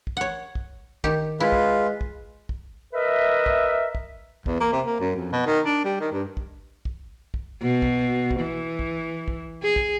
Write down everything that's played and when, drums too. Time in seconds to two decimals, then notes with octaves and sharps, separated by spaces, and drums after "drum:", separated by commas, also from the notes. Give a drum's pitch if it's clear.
0.07 drum: kick
0.17 C#5 F#5
0.55 drum: kick
1.04 D#3 G4, drum: kick
1.40 G#3 E4 F4 B4
1.52 drum: kick
2.01 drum: kick
2.49 drum: kick
2.93 A#4 B4 D#5 E5
3.46 drum: kick
3.95 drum: kick
4.46 E2, drum: kick
4.60 A#3
4.72 C3
4.86 A#3
5.00 F#2
5.15 F2
5.32 B2
5.46 D#3
5.66 D4
5.85 G3
6.00 D#3
6.12 G2
6.37 drum: kick
6.85 drum: kick
7.34 drum: kick
7.62 B2
7.82 drum: kick
8.31 drum: kick
8.40 E3
8.79 drum: kick
9.28 drum: kick
9.63 G#4
9.76 drum: kick